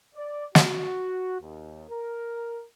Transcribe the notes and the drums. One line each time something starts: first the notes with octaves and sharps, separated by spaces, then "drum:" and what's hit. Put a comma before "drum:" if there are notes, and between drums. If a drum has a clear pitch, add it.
D5
F#4, drum: snare
D#2
A#4